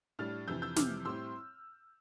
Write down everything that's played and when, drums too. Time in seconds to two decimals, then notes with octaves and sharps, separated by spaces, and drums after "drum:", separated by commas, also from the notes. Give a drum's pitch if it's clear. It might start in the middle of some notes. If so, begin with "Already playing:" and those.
0.19 A2 G3 D4 F6 A6
0.48 F2 C3 E3 E6 G6
0.62 E6 G6
0.76 F2 C3 E3 D6 F6, drum: snare
1.05 A2 G3 C4 E4 C6 E6